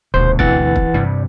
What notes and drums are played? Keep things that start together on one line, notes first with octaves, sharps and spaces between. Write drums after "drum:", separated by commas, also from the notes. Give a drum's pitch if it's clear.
D#1 D2 B2 C5
E3 C4 F#5 A6, drum: kick
drum: kick
G2 C3 G3